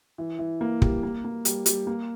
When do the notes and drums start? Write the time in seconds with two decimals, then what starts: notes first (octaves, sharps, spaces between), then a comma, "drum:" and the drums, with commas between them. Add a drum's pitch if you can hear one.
0.18 E3
0.39 E3
0.61 A#3
0.82 G3, drum: kick
1.03 A#3
1.24 A#3
1.45 G3, drum: hi-hat
1.66 G3, drum: hi-hat
1.87 A#3